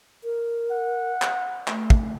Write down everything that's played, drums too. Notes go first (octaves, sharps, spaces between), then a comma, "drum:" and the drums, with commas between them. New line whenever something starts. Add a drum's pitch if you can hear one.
A#4
F#5
drum: clap
A3, drum: clap
drum: kick